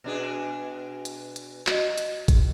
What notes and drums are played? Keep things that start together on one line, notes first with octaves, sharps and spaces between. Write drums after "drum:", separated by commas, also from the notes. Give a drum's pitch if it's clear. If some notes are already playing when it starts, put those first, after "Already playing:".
B2 D4 G#4
drum: hi-hat
drum: hi-hat
F#4 D#5, drum: clap
drum: hi-hat
drum: kick G#1, hi-hat